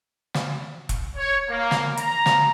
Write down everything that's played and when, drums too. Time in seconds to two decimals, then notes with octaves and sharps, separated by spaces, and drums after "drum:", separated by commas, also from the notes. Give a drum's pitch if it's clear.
0.35 drum: snare
0.89 drum: kick E1, hi-hat
1.16 C#5
1.49 A#3
1.71 drum: snare
1.97 A#5, drum: hi-hat
2.26 drum: snare